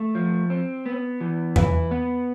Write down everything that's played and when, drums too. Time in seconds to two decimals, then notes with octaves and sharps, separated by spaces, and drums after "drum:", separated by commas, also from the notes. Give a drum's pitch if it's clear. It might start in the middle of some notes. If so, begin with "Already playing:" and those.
Already playing: A3
0.15 F3
0.50 C4
0.86 B3
1.21 E3
1.56 B4, drum: tom E2
1.91 B3